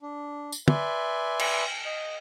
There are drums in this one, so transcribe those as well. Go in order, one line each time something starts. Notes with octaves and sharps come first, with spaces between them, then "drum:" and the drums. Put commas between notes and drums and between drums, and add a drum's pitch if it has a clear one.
D4
drum: tambourine
B4 D5 E5 G#5 C6, drum: tom
drum: cymbal
D#5